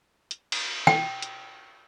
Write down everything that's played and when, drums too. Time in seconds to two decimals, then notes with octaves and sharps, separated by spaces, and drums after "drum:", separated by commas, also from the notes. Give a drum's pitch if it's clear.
0.31 drum: hi-hat
0.52 drum: cymbal
0.87 G5, drum: snare
1.22 drum: hi-hat